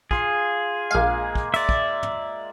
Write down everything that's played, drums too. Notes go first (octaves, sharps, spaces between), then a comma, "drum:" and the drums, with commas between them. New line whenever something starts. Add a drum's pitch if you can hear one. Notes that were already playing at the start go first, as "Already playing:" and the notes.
F4 G#4 C6, drum: kick
A#1 G#3 A#3 F5
drum: kick
D5 E5, drum: cymbal
drum: kick
drum: tom